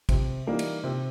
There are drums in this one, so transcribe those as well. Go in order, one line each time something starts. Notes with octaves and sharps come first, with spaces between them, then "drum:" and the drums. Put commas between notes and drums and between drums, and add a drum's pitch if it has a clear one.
C3, drum: kick, cymbal
E3 G3 A#3 D#4
drum: cymbal
C3